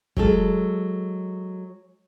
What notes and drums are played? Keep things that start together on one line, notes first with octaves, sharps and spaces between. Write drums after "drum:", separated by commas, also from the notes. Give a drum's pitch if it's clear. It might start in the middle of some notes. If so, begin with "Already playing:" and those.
F#3 G#3 A4, drum: kick